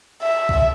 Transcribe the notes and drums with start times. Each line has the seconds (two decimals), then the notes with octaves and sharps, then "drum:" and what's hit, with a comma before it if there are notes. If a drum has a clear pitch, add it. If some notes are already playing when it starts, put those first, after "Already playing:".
0.22 E5
0.49 drum: kick C2